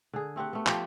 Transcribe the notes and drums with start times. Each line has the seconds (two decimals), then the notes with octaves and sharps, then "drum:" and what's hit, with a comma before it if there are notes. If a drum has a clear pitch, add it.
0.13 D3 G#4
0.36 A3 C4 G4 F#5
0.53 A3 B3
0.66 F3 G4, drum: clap